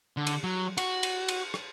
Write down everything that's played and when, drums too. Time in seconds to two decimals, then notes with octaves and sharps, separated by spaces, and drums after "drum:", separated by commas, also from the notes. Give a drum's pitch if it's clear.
0.17 D3
0.27 drum: cymbal
0.44 F#3
0.78 F#4, drum: cymbal
1.03 drum: cymbal
1.28 drum: cymbal
1.54 drum: rim click